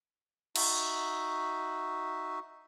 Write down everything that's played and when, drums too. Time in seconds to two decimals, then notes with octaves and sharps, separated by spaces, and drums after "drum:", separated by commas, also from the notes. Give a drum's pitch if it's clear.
0.56 D#4 F#4 E5, drum: cymbal